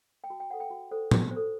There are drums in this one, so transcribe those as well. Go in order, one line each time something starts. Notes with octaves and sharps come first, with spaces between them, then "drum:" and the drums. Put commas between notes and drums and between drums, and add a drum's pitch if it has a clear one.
G5
F#4 A5
G5
A4 C5 F#5
G5
F#4
A4 C5
F#4, drum: tom
C5
A4